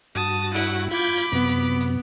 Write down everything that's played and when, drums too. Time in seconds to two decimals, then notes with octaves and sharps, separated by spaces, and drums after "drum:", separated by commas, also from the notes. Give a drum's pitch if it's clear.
0.15 G2 F#4 A5 D#6
0.54 E4 F#5, drum: open hi-hat
0.91 F4 B5 D6 G6 G#6
1.17 drum: hi-hat
1.32 F#2 C3 B3
1.49 drum: hi-hat
1.81 drum: hi-hat